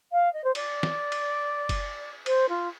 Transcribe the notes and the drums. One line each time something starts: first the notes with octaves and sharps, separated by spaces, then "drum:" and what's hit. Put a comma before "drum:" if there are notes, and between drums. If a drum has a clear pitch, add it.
F5
D#5
C5
D5, drum: cymbal
drum: snare
drum: cymbal
drum: kick F#1, cymbal
C5, drum: cymbal
F4